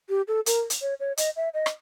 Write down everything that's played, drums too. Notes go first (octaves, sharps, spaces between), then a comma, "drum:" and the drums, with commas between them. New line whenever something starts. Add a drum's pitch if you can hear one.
G4
A4
A#4, drum: hi-hat
drum: hi-hat
C#5
C#5
D#5, drum: hi-hat
E5
D#5
drum: rim click